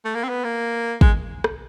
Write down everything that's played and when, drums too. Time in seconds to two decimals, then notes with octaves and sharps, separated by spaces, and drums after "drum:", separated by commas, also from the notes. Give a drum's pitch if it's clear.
0.05 A3
0.15 A#3
0.23 C4
0.29 B3
0.44 A#3
1.01 G#3, drum: kick
1.44 drum: rim click